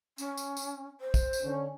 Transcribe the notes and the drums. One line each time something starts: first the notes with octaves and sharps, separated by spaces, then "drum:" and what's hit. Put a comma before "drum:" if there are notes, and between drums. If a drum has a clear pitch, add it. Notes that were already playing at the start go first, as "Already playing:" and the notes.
C#4, drum: tambourine
drum: tambourine
drum: tambourine
C5
drum: kick, tambourine
drum: tambourine
D3 C#4